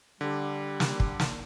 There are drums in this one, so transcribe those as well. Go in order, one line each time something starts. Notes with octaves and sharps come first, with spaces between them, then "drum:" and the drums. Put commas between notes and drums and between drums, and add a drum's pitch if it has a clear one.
D3 G3
drum: snare
drum: kick
drum: snare